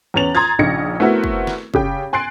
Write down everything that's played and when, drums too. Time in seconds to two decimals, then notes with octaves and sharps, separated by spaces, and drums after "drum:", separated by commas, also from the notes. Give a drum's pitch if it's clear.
0.14 E2 B3 C#4 A6 F7 F#7
0.35 A#5 C6 D#6 G#6 A6
0.59 A#1 C#3 D#4 A#6 C#7
1.00 A3 B3 C4 E4 F#4 A#4
1.24 drum: kick
1.47 drum: snare
1.74 C#3 G4 G5, drum: kick
2.13 G#5 C6 F#6 A6 C7 D7